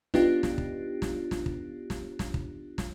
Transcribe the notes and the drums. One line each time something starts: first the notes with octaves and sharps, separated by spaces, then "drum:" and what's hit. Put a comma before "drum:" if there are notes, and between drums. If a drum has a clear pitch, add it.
B3 D4 D#4 F4 G4, drum: snare
drum: snare
drum: kick
drum: snare
drum: snare
drum: kick
drum: snare
drum: snare
drum: kick
drum: snare